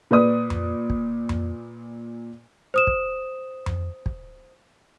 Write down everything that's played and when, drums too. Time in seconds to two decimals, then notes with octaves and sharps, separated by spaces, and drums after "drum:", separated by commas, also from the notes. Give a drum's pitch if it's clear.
0.11 A#2 B4 D5 D#6
0.50 drum: tom F2
0.90 drum: kick
1.29 drum: tom F2
2.74 C5 D#6 E7
2.87 drum: kick
3.66 drum: tom F2
4.06 drum: kick